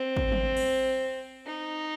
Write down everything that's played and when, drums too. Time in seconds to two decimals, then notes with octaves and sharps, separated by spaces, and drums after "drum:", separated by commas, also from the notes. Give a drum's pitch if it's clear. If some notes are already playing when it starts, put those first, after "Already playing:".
Already playing: C4
0.17 drum: kick
0.32 drum: tom
0.57 drum: cymbal
1.47 D#4